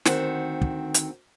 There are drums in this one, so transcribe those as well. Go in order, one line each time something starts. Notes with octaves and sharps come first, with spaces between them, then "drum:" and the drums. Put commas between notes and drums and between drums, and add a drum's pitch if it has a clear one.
D2 D#3 C4 F#5, drum: snare
drum: kick
drum: hi-hat